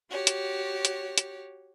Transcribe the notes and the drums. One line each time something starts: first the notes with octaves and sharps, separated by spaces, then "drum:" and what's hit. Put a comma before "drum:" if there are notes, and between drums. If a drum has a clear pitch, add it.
F#4 G4 C#5
drum: hi-hat
drum: hi-hat
drum: hi-hat